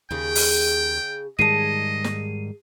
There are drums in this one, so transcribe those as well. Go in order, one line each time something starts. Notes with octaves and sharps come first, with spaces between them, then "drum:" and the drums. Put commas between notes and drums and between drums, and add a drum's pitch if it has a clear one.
D#2 C#3 G#4 G5
drum: open hi-hat
G#2 D#3 G3 G#4 D#5 A5 C7 D#7
drum: snare